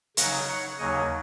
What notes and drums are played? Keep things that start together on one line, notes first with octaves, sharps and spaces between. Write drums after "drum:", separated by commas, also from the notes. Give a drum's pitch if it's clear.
C#3 F#3 D#4 F#5 A#5, drum: hi-hat
C#5 F#5
D#2 C#3 F#3 D#4 D#5 G#5